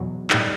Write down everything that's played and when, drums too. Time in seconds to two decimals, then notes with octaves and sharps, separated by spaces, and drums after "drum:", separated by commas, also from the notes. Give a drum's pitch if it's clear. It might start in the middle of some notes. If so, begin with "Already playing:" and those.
Already playing: E2 B2 F#3
0.30 A2 G3 D#4, drum: clap